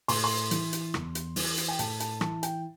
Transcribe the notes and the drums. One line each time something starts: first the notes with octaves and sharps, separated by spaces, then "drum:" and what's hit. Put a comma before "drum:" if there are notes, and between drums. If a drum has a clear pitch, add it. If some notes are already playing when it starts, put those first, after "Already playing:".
A2 C6, drum: open hi-hat
C6
E3, drum: hi-hat
drum: hi-hat
E2, drum: rim click
drum: hi-hat
E3, drum: open hi-hat
drum: hi-hat
G5
A2 A5, drum: hi-hat
A5, drum: hi-hat
E3 A5, drum: rim click
G5, drum: hi-hat